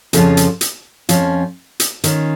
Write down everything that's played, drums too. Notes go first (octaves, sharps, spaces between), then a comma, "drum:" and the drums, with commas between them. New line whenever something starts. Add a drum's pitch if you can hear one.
F2 C#3 F3 C#4 F4, drum: hi-hat
drum: hi-hat
drum: hi-hat
F2 F3 C#4 F4, drum: hi-hat
drum: hi-hat
D#3 C#4 F4, drum: hi-hat